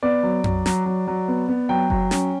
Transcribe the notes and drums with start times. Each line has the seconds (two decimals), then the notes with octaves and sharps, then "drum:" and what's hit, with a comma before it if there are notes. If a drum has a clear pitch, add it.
0.03 B3 D5
0.23 F#3
0.44 F#3, drum: tom F2
0.66 F#3, drum: snare
0.86 F#3
1.07 F#3
1.28 B3
1.49 B3
1.69 F#3 G5
1.90 F#3, drum: kick F#1
2.11 C#4, drum: snare